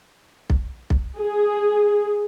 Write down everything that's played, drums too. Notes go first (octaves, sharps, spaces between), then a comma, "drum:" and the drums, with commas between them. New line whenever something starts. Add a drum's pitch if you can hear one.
drum: kick B1
drum: kick B1
G#4